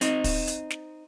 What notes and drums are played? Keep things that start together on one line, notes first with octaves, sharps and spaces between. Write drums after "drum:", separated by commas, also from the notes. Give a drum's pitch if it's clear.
C4 D#4, drum: hi-hat
drum: kick, open hi-hat
drum: hi-hat
drum: snare